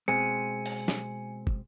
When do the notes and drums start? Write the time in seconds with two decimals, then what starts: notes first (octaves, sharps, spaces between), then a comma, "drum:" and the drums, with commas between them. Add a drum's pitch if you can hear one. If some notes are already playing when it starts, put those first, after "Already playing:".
0.08 B2 G#3 C4 G#5 C#7
0.66 drum: open hi-hat
0.88 drum: snare
1.47 drum: kick